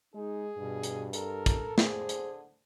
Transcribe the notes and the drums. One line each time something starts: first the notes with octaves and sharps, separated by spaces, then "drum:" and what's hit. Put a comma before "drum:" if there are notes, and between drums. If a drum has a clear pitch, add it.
G#3 D#4 G#4
G2 B2
drum: hi-hat
A4 A#4, drum: hi-hat
drum: kick, hi-hat
D3 G#4 C5, drum: snare
drum: hi-hat